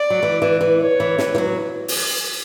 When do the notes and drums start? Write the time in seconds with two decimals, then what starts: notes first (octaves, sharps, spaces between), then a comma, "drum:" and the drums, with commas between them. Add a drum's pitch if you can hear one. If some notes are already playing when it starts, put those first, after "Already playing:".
Already playing: D5
0.10 F#3
0.23 E3
0.42 E3
0.61 E3
0.81 C#5
1.00 E3
1.18 E3, drum: snare
1.35 E3
1.38 F#3
1.88 drum: open hi-hat